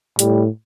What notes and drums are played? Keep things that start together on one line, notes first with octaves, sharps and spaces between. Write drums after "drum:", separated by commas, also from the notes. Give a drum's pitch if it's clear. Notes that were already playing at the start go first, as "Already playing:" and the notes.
A2 G3, drum: hi-hat